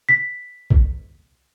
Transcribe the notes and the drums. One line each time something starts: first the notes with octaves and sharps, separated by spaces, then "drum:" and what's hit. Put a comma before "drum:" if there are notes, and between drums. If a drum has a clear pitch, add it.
B6
drum: kick A#1